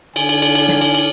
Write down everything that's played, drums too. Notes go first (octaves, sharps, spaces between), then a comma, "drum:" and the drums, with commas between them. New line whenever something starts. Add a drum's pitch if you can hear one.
D3 G#5, drum: cymbal
drum: cymbal
drum: cymbal
drum: cymbal
drum: snare
drum: cymbal
drum: cymbal